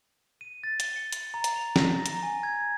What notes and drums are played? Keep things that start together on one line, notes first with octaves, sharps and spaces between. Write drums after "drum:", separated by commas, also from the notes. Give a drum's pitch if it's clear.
D#7
A6
G7, drum: hi-hat
C#7
drum: hi-hat
A#5
drum: hi-hat
F7
A#6, drum: snare
A#5, drum: hi-hat
G#5
G#6